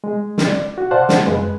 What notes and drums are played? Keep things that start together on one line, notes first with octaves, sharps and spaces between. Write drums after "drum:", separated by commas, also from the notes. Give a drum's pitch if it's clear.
G#3
drum: snare
D5
F#4
C5 D5 F5 F#5 A5
drum: snare
F#2 G#3 B4